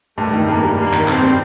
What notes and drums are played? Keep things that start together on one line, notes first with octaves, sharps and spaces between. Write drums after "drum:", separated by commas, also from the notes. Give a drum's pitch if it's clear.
G2 A3
D#3
G2 A#3
G3
G2 A#3
D#3, drum: clap
G2 C4, drum: clap
G3